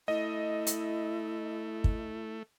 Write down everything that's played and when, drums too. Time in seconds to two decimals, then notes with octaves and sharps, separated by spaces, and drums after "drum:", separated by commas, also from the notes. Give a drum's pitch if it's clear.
0.08 A3 E4 D#5
0.67 drum: hi-hat
1.84 drum: kick